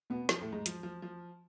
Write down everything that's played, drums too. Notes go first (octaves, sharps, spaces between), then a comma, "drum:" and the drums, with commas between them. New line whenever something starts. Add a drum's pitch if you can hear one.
B2 B3
F3, drum: snare
A2 A3
G#2 G#3
F3, drum: hi-hat
F3
F3